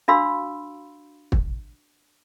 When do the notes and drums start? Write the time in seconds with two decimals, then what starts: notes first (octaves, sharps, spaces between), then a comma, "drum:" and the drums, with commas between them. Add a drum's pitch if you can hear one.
0.08 D4 F#4 F5 B5 C6 E6
1.32 drum: kick